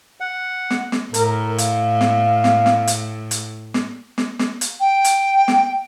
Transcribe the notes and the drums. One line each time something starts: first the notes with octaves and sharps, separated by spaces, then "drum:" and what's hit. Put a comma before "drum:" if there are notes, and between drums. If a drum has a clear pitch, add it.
F#5
drum: snare
drum: snare
A2 A#4, drum: hi-hat
F5, drum: hi-hat
drum: snare
drum: snare
drum: snare
drum: hi-hat
drum: hi-hat
drum: snare
drum: snare
drum: snare
drum: hi-hat
G5
drum: hi-hat
drum: snare